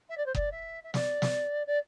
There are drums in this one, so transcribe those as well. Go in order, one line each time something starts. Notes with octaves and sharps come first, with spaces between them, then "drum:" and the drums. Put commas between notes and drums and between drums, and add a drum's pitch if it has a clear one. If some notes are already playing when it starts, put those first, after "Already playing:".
E5
D5
C5
D5, drum: kick F#1
E5
E5
D5, drum: snare
drum: snare
D5